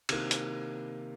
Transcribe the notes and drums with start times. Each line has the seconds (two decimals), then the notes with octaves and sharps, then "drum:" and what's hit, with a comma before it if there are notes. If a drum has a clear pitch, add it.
0.09 C3 D#3 A#3, drum: cymbal
0.31 drum: hi-hat